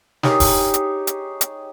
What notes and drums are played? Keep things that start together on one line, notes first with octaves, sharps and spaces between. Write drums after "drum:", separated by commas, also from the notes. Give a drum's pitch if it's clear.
D#4 G4 G#4 C#5, drum: snare
drum: kick, open hi-hat
drum: hi-hat
drum: hi-hat
drum: hi-hat